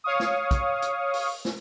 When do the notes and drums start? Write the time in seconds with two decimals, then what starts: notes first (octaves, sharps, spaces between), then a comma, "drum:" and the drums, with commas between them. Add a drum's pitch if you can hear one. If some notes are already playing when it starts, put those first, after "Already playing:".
0.04 C#5 F5 C#6 D#6
0.20 drum: snare
0.51 drum: kick, hi-hat
0.82 drum: hi-hat
1.14 drum: open hi-hat
1.45 drum: snare